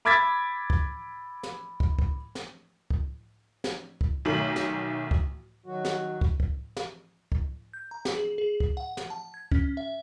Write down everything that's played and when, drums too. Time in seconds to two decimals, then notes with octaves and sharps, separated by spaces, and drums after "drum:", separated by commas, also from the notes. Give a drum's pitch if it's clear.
0.05 B5 D6 E6 G#6 A6 B6
0.70 drum: kick
1.43 drum: snare
1.80 drum: kick
1.99 drum: kick
2.35 drum: snare
2.90 drum: kick
3.64 drum: snare
4.01 drum: kick
4.25 B1 D#3 A3 F#7
4.56 drum: snare
5.11 drum: kick
5.66 D#3 F#3 F#4
5.85 drum: snare
6.21 drum: kick
6.40 drum: kick
6.77 drum: snare
7.32 drum: kick
7.74 G6
7.91 A#5
8.05 drum: snare
8.15 G#4
8.38 G#4
8.60 drum: kick
8.77 F#5
8.97 drum: snare
9.10 A5
9.34 G#6
9.52 C#4, drum: kick
9.77 E5